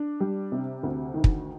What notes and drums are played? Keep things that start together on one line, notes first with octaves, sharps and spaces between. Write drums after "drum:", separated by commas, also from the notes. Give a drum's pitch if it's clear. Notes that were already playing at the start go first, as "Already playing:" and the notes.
Already playing: D4
G3
C3
D2
D#3
drum: kick